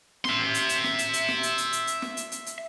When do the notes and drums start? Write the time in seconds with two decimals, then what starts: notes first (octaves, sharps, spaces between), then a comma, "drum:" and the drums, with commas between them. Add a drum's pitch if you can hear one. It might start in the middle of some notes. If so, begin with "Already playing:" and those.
0.25 E5 C6, drum: snare
0.54 drum: hi-hat
0.69 drum: hi-hat
0.84 drum: snare
0.99 drum: hi-hat
1.13 drum: hi-hat
1.28 drum: snare
1.43 drum: hi-hat
1.58 drum: hi-hat
1.73 drum: hi-hat
1.87 drum: hi-hat
2.02 drum: snare
2.17 drum: hi-hat
2.32 drum: hi-hat
2.46 drum: hi-hat